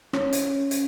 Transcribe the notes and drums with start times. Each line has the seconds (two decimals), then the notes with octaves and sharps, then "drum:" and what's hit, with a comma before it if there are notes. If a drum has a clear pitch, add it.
0.13 C#4, drum: rim click
0.33 drum: hi-hat
0.71 drum: hi-hat